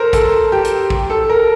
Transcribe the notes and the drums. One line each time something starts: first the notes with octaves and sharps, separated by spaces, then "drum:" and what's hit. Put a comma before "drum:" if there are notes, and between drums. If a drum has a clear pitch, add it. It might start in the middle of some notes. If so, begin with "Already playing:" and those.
Already playing: A4 A#4 C5
A4, drum: kick, hi-hat
G4
drum: hi-hat
drum: kick
A4
A#4